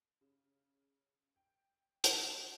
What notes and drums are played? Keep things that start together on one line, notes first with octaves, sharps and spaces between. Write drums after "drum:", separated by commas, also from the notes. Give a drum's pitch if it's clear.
C#3
G5
drum: hi-hat